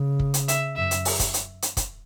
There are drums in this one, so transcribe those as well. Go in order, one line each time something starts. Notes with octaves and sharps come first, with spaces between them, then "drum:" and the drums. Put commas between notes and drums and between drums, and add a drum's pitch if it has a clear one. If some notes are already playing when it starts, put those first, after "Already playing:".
Already playing: C#3
drum: kick
drum: hi-hat
E5, drum: hi-hat
F#2 E5
drum: hi-hat
drum: open hi-hat
drum: kick, hi-hat
drum: hi-hat
drum: hi-hat
drum: kick, hi-hat